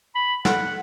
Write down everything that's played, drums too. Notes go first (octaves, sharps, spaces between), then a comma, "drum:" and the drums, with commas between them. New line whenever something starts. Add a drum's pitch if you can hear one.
B5
F#5, drum: snare